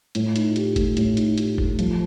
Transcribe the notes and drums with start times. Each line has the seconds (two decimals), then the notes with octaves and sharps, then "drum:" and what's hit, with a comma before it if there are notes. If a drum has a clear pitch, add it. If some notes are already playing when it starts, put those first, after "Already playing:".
0.15 A2, drum: hi-hat
0.36 D#4, drum: hi-hat
0.56 G4, drum: hi-hat
0.76 A3, drum: kick G1, hi-hat
0.97 A2, drum: hi-hat
1.17 D#4, drum: hi-hat
1.38 G4, drum: hi-hat
1.58 A3, drum: kick G1
1.79 F3, drum: hi-hat